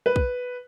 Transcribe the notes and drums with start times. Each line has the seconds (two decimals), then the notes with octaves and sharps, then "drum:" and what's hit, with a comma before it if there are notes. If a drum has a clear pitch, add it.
0.06 B4
0.16 drum: kick